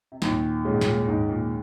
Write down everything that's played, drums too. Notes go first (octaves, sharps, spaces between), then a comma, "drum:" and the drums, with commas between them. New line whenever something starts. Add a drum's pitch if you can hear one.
C3
D#2 A#2, drum: snare
A#2 C#3 G#3 C#4
G#2
A#2, drum: snare
D#2 G#2
A#2